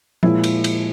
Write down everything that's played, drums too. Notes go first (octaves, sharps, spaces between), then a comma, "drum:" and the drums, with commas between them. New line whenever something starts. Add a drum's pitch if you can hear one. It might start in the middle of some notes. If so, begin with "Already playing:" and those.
A#2 F3 G#3 E4, drum: tom F3
drum: cymbal
drum: cymbal